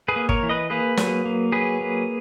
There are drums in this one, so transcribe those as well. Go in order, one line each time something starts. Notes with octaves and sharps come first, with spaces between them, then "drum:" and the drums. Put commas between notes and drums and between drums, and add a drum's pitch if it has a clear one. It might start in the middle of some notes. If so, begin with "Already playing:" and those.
G#4 B4
A#3
A#4 C#5, drum: kick
E3
B4 D#5
A#3 G#4 B4
F#3, drum: snare
A#3
F#3 G#4 B4
A#3